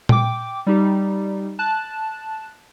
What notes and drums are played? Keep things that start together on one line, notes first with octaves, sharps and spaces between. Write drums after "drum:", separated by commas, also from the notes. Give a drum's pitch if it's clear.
G5 D6, drum: tom A#2
G3 D#4 G4
A5 F#6